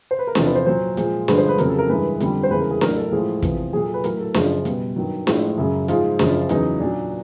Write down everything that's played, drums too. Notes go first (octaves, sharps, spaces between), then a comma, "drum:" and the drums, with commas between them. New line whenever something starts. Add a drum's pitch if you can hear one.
C5
B4
A#4
E2 C3 F3 A4, drum: snare D4
B4
C5
A#2 F#3 C5
A#2 F3 G#3, drum: hi-hat
G2 D3 F3 G#3 B4, drum: snare D4
C5
B4
F2 C#3 F#3 A#4, drum: hi-hat
A4
A#4
G2 E3 G#3 B4
F2 D3 G3, drum: hi-hat
C5
E2 C#3 E3 G#3 B4
A#4
G#4
A2 F#3 A#4, drum: snare D4
A4
A2 F3 G#3 G#4
E2 C3 F3, drum: kick, hi-hat
A#2 F#3 G#4
A4
B4
A2 F#3 A#4, drum: hi-hat
A4
F#2 C#3 F3 G#4, drum: snare D4
B2 G3, drum: hi-hat
G2 D#3 F#3
A2 F3 G#3, drum: snare D4
F#2 C#3 F#3
G#2 F3 G#3 F4, drum: hi-hat
F#2 C#3 F3, drum: snare D4
E2 C#3 F#3 D#4, drum: hi-hat
A#2 F#3 D4